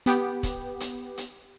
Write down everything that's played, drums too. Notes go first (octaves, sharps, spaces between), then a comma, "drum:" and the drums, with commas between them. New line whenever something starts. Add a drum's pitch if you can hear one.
B3 G4, drum: hi-hat
drum: kick, hi-hat
drum: hi-hat
drum: hi-hat